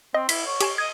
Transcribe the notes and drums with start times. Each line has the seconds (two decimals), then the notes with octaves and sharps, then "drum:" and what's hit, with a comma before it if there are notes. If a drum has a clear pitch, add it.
0.14 C4 D#5
0.29 E4 B6, drum: cymbal
0.46 C#5
0.61 G4 G#5 E7, drum: cymbal
0.78 D#5 G#6